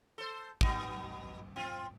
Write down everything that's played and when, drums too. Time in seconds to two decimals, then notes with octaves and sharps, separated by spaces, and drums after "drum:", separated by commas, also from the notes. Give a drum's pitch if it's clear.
0.18 A4 C5
0.61 F#3 B3 D#4, drum: kick
1.56 C4 F4